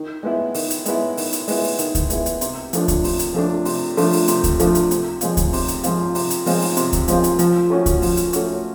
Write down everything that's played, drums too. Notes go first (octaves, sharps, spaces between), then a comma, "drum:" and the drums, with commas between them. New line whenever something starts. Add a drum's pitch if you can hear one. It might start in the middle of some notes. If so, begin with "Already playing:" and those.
Already playing: D#3
G#3 B3 E4
D#3, drum: open hi-hat
drum: hi-hat
G#3 B3 E4, drum: hi-hat
D#3, drum: open hi-hat
drum: hi-hat
G#3 B3 E4, drum: open hi-hat
drum: open hi-hat
D#3, drum: hi-hat
drum: kick C#2, hi-hat
G#3 B3 E4, drum: hi-hat
drum: hi-hat
C3, drum: hi-hat
F3 A3 D4, drum: hi-hat
drum: kick C#2, hi-hat
C3, drum: open hi-hat
drum: hi-hat
F3 A3 D4
C3, drum: open hi-hat
F3 A3 D4, drum: open hi-hat
drum: open hi-hat
C3, drum: hi-hat
drum: kick C#2, hi-hat
F3 A3 D4, drum: hi-hat
drum: hi-hat
C3, drum: hi-hat
F3 G#3 C4 F4, drum: hi-hat
drum: kick C#2, hi-hat
C3, drum: open hi-hat
drum: hi-hat
F3 G#3 C4 F4, drum: hi-hat
C3, drum: open hi-hat
drum: hi-hat
F3 G#3 C4 F4, drum: open hi-hat
drum: open hi-hat
C3, drum: hi-hat
drum: kick C#2, hi-hat
F3 G#3 C4 F4, drum: hi-hat
drum: hi-hat
F3, drum: hi-hat
A3 C#4 F#4
drum: kick C#2, hi-hat
F3, drum: open hi-hat
drum: hi-hat
A3 C#4 F#4, drum: hi-hat